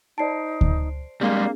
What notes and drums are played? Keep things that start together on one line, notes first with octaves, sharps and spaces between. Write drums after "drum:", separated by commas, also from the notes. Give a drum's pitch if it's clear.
D#4 C5 D5 A5 C7 D7
drum: kick D2
G3 G#3 A#3 C4 D4 G#4